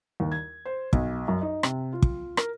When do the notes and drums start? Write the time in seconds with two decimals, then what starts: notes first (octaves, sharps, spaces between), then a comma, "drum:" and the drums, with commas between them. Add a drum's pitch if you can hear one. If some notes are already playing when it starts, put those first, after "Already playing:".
0.20 D#2
0.32 G#6
0.65 C5
0.93 B1, drum: kick
1.28 F#2
1.42 D#4
1.63 C3, drum: rim click
1.93 F4
2.02 drum: kick
2.37 A#4, drum: rim click